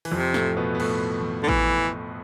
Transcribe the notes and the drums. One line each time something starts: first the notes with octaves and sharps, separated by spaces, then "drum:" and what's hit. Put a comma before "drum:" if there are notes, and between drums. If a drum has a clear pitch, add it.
E3, drum: open hi-hat
F2 C3 F3
A2 A3, drum: snare
B2 B3
B3
A2 A3, drum: cymbal
drum: tom D#3
D3
E3, drum: kick A1